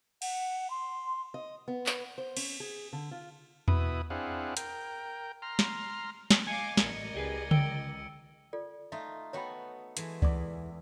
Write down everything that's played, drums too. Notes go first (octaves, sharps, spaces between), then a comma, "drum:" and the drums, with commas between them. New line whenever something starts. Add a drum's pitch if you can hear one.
F#5, drum: cymbal
C6
D#5
B3
drum: clap
C5
C#4, drum: cymbal
G#4
D3
F4
B2 E4 B4 D#6, drum: tom E2
C4 D4 E4 G#4 F5 F#5
A#4 G5, drum: hi-hat
A#5 C6 F6
drum: snare
drum: snare
D#5 F5 G#5 D6 G#6 C7 C#7 D#7
A1 A#4 D5 D#5, drum: snare
C#2 G4 G#4 B4
G5 E6 C#7 D7, drum: tom C#3
F4 A4 D5
A3 D#4 F4 E5
B3 F#4 A4 C#5 G5 B5
E3 G#3 A3, drum: hi-hat
E2 D5 D6, drum: kick C#2